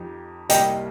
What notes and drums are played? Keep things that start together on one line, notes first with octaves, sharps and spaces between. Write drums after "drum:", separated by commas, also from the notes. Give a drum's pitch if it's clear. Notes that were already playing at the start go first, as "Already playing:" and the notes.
Already playing: F2 F3 D#4 G4
C2 C3 G3 A#3 G4 D#5 G5, drum: hi-hat